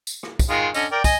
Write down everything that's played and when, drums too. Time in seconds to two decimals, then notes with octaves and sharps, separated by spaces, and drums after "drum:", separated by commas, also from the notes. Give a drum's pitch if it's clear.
0.07 drum: tambourine
0.23 drum: rim click
0.39 drum: kick, tambourine
0.50 D#3 G#3 F4
0.74 D3 C#4 D#5, drum: tambourine
0.92 A#4 D5 G5
1.04 D#5 G#5, drum: kick, tambourine